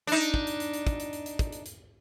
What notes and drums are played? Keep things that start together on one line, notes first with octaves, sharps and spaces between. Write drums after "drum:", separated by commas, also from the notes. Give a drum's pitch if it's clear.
D4 D#4
drum: hi-hat
drum: kick
drum: hi-hat
drum: hi-hat
drum: hi-hat
drum: kick, hi-hat
drum: hi-hat
drum: hi-hat
drum: hi-hat
drum: kick, hi-hat
drum: hi-hat
drum: hi-hat